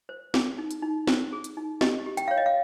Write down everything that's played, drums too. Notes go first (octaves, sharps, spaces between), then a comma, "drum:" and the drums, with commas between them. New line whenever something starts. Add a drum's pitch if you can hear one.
C5
G#4, drum: snare
D#4
drum: hi-hat
D#4
C5, drum: snare
G#4
drum: hi-hat
D#4
G4 D#5, drum: snare
G4
G5, drum: hi-hat
C#5 F5
D#5
F5